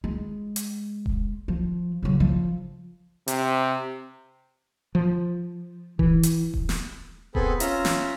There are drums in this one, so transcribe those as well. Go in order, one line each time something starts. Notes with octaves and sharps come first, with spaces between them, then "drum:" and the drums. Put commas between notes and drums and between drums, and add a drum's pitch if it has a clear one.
G#3
drum: hi-hat
drum: kick D#1
F3
C#3 F#3
F3
C3, drum: hi-hat
F3
E3, drum: kick D#1
drum: hi-hat
drum: kick D#1
drum: snare
B3 C4 G#4 A4 B5, drum: kick D#1
C#4 F4 E5 A#5, drum: hi-hat
drum: snare